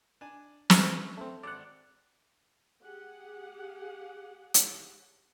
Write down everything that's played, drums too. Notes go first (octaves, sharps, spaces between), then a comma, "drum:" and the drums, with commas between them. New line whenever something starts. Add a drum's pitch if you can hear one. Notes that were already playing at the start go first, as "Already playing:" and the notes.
D4 G#5
B3 C#4 D4, drum: snare
A3 C4
G#1 D5 F#5
G4 G#4 F#5
drum: hi-hat